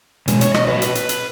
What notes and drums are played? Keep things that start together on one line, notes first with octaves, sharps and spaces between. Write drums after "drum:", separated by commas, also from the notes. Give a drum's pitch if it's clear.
B2 G#3, drum: hi-hat
C#5, drum: hi-hat
D#5, drum: rim click
A#2 F#3 B4
drum: hi-hat
drum: hi-hat
drum: hi-hat